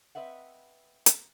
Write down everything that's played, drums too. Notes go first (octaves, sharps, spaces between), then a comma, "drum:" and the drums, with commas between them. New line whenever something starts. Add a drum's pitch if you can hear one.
C4 B4 D#5 E5 F#5
drum: hi-hat